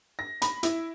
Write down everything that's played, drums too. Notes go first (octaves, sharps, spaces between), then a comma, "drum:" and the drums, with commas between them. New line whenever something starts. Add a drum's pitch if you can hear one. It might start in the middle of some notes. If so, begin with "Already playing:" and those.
A#6
B5, drum: hi-hat
E4, drum: hi-hat